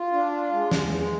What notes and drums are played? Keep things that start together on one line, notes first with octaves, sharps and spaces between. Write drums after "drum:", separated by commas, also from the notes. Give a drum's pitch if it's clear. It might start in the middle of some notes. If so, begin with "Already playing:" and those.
Already playing: F4
D4
F4
G#3
E2, drum: snare
G#3